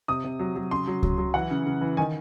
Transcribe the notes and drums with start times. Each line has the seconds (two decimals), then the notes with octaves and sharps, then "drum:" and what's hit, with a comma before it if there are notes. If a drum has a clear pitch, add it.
0.08 C3 D#6
0.24 C3
0.39 F#3
0.56 F#3
0.71 C#3 C6
0.87 F#3
1.03 F#3, drum: kick C#2
1.18 F#3
1.34 E3 F#5
1.51 C#3
1.66 C#3
1.81 E3
1.97 D#3 G#5